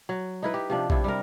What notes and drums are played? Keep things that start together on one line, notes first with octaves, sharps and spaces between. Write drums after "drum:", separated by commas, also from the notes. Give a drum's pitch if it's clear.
F#3
D#4 E4 B4
G4
C3 F3 D4
C3 E4, drum: kick A#1
G3 A#4